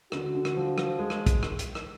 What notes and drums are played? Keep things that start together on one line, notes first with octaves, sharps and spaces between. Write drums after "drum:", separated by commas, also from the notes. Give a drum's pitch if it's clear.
D3 F#4, drum: rim click
D3
drum: rim click
F3
F3, drum: rim click
G#3
drum: rim click
drum: kick, hi-hat
drum: rim click
drum: hi-hat
drum: rim click